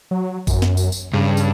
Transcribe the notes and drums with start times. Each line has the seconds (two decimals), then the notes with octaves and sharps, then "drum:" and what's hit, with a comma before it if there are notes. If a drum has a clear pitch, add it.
0.11 F#3
0.47 F#2, drum: kick G#1, tambourine
0.62 drum: snare
0.77 drum: tambourine
0.92 drum: tambourine
1.14 G2 C#3
1.37 drum: tambourine